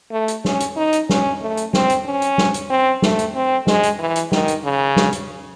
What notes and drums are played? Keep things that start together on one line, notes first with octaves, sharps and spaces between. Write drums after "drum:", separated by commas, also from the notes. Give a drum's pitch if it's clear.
A3
drum: hi-hat
C#4, drum: snare
drum: hi-hat
D#4
drum: hi-hat
C#4, drum: snare
A3
drum: hi-hat
C4, drum: snare
drum: hi-hat
C#4
drum: hi-hat
drum: snare
drum: hi-hat
C4
A3, drum: snare
drum: hi-hat
C4
G#3, drum: snare
drum: hi-hat
E3
drum: hi-hat
D#3, drum: snare
drum: hi-hat
C#3
drum: snare
drum: hi-hat